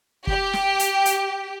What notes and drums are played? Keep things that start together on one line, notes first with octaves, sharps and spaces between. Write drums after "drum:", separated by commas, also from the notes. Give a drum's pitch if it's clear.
G4, drum: kick
drum: snare
drum: hi-hat
drum: hi-hat